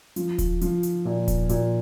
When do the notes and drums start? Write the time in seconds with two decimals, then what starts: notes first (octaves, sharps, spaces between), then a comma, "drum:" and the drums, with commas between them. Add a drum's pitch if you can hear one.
0.16 F3, drum: hi-hat
0.39 drum: kick D#1, hi-hat
0.61 F3, drum: hi-hat
0.83 drum: hi-hat
1.05 A#2
1.28 drum: kick D#1, hi-hat
1.49 A#2, drum: hi-hat